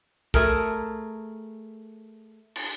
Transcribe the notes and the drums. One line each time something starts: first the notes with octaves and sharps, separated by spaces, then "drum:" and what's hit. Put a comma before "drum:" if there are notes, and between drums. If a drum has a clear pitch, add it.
A3 G#4 A#4, drum: kick
drum: cymbal